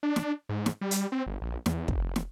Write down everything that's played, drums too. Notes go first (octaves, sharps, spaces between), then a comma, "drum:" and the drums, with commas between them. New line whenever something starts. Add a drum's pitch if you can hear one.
D4
drum: snare
G#2
drum: snare
G3
drum: hi-hat
C4
G1
A#1
E2, drum: snare
F1, drum: kick
drum: snare